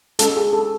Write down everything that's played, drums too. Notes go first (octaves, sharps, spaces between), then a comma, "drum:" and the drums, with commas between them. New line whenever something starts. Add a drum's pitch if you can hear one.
G#3 C#4 F#4 A4, drum: hi-hat
G#4
A4